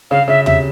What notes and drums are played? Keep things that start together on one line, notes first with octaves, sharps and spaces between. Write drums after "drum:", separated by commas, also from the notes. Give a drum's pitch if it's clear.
C#3 F5
C#3 E5
C3 E5, drum: tom